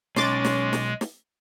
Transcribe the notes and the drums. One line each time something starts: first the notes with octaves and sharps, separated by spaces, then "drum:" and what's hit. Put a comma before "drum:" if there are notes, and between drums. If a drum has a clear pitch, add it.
B1 G#3 C#4 C6 D6 A6, drum: snare
drum: snare
drum: snare
drum: snare